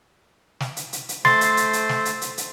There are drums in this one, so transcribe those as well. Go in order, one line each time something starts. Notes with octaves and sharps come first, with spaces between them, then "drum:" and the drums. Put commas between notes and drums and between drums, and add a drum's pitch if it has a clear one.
drum: snare
drum: hi-hat
drum: hi-hat
drum: hi-hat
A3 C5 C6 A6, drum: snare
drum: hi-hat
drum: hi-hat
drum: hi-hat
drum: snare
drum: hi-hat
drum: hi-hat
drum: hi-hat